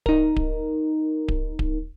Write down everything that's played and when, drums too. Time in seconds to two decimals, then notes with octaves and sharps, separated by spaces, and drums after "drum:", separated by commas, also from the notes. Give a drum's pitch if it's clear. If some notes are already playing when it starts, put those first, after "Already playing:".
0.06 D#4 A#4, drum: kick D1
0.36 drum: kick D1
1.28 drum: kick D1
1.59 drum: kick D1